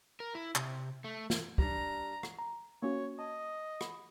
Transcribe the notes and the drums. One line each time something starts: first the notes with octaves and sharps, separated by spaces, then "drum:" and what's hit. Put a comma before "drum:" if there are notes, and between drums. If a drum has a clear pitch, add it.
A#4
E4
C3, drum: clap
A3
drum: snare
G3 D4 A#5, drum: kick
drum: rim click
A#5
A#3 C#4 F#4 C#5
D#5 A5
B5, drum: rim click